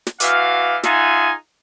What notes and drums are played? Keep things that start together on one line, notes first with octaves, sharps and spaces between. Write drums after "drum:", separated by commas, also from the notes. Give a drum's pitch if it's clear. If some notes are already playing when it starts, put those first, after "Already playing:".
drum: snare
E3 F#4 D5 F5, drum: hi-hat
D#4 F4 G#4 E5 F#5 G#5, drum: snare